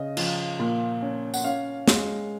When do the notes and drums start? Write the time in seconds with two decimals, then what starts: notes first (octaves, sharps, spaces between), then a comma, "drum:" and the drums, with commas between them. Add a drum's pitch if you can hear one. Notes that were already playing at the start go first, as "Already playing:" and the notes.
Already playing: C#3 D#5
0.17 F3, drum: cymbal
0.59 A#2
1.02 C#4
1.34 F#5, drum: tambourine
1.44 C#4 F5
1.88 G#3, drum: snare